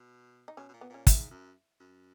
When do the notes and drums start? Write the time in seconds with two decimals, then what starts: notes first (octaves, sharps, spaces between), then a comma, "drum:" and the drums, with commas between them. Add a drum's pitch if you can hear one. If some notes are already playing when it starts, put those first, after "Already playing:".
Already playing: B2
0.48 D#4
0.57 B2 C#4
0.69 B2
0.74 A#2
0.81 B3
0.90 A#2 C#4
1.07 G#2 E4, drum: kick, hi-hat
1.31 F#2
1.80 F#2